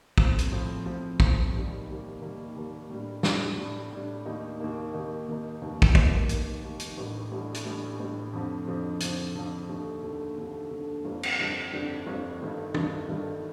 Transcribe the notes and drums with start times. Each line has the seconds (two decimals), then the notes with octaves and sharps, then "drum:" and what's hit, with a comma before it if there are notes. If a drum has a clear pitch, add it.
0.18 A2 F3 C4, drum: kick
0.39 drum: hi-hat
0.51 A2 F3 C4
0.86 A2 F3 C4
1.20 A2 F3 C4, drum: kick
1.54 D#2 D#3 G3 A#3
1.88 D#2 D#3 G3 A#3
2.21 D#2 D#3 G3 A#3
2.56 D#2 D#3 G3 A#3
2.90 A2 G3 D4
3.23 A2 G3 D4, drum: snare
3.57 A2 G3 D4
3.91 A2 G3 D4
4.25 D#2 D#3 A#3 D#4
4.59 D#2 D#3 A#3 D#4
4.93 D#2 D#3 A#3 D#4
5.28 D#2 D#3 A#3 D#4
5.61 F1 D#2 D#3 A#3
5.82 drum: kick
5.95 F1 D#2 D#3 A#3, drum: kick
6.29 F1 D#2 D#3 A#3, drum: hi-hat
6.63 F1 D#2 D#3 A#3
6.80 drum: hi-hat
6.97 A1 A2 G3 D4
7.31 A1 A2 G3 D4
7.54 drum: hi-hat
7.65 A1 A2 G3 D4
7.99 A1 A2 G3 D4
8.33 F2 D3 F3
8.67 F2 D3 F3
9.00 F2 D3 F3, drum: hi-hat
9.35 F2 D3 F3
9.69 D#2 D3 A3
10.02 D#2 D3 A3
10.37 D#2 D3 A3
10.70 D#2 D3 A3
11.05 G1 F2 D3 G3 D4
11.23 drum: cymbal
11.38 G1 F2 D3 G3 D4
11.73 G1 F2 D3 G3 D4
12.06 G1 F2 D3 G3 D4
12.41 G1 G2 D#3 A3
12.74 G1 G2 D#3 A3, drum: tom
13.09 G1 G2 D#3 A3